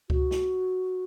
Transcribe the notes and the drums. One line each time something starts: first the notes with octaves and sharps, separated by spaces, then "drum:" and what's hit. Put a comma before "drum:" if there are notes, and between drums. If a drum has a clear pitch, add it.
F#4, drum: kick C#2
drum: snare